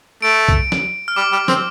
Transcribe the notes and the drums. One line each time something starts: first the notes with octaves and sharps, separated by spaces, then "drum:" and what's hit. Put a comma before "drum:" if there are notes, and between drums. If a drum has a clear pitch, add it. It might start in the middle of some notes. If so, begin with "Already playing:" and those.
A3 D7
drum: kick B1
drum: snare
F6
G3 D6
G3
C4, drum: snare